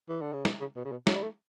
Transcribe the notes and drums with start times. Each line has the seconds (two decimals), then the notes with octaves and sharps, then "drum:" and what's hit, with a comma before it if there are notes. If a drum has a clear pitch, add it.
0.09 E3
0.21 D3
0.33 C#3
0.45 B2, drum: snare
0.60 C#3
0.76 B2
0.85 C#3
0.91 B2
1.07 F#3, drum: snare
1.15 G3
1.23 A3